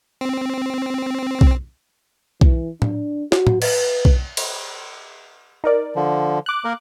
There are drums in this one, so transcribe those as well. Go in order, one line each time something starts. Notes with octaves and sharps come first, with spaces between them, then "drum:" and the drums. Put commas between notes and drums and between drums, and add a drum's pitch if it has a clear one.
C4
drum: kick B1
E3, drum: kick B1
D4, drum: tom A2
F#4, drum: snare
drum: tom A2
B4, drum: cymbal
drum: kick B1
drum: cymbal
D#4 A#4 D5
D3 F3
D6 F#6
A#3 A#4